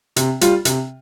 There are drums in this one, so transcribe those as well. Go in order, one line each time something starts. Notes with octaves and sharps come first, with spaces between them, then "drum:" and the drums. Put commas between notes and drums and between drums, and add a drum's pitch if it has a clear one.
C3, drum: hi-hat
G3 F4, drum: hi-hat
C3, drum: hi-hat